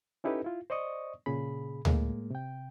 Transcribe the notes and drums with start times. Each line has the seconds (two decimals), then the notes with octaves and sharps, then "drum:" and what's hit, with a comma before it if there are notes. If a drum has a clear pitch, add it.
0.24 C#4 D#4 E4 G4 A4 B4
0.44 E4 F4
0.70 C5 D5 D#5 C#6 D#6
1.26 A#2 C#3 G#4 B5
1.85 A2 G#3 A#3, drum: tom D2
2.30 C3 G5